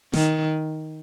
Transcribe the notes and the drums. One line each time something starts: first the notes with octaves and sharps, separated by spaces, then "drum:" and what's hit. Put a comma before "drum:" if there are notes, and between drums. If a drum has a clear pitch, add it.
D#3, drum: snare